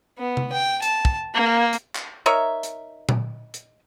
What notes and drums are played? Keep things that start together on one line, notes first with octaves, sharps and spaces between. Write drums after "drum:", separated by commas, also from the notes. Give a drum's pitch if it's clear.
B3
drum: tom C3
G5
A5, drum: hi-hat
drum: kick
A#3
drum: hi-hat
drum: clap
D#4 A#4 C#5 E5
drum: hi-hat
drum: tom A#2
drum: hi-hat